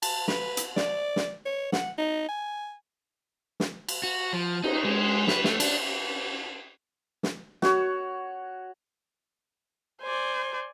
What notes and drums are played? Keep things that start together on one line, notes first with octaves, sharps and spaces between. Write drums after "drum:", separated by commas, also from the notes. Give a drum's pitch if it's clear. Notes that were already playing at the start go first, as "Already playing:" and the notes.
A5, drum: cymbal
B4, drum: snare
drum: hi-hat
D5, drum: snare
drum: snare
C#5
F#5, drum: snare
D#4
G#5
drum: snare
drum: cymbal
F#4
F3
D#4, drum: cymbal
G#3
B4, drum: snare
A3, drum: snare
D4, drum: cymbal
drum: snare
F#4 C#5, drum: snare
C5 D5 G#5